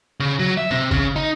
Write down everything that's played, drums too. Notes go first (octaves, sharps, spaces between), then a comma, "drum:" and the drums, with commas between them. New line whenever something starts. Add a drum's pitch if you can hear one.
C#3
F#3
E5
C3, drum: tom
C#3, drum: kick G1
D#4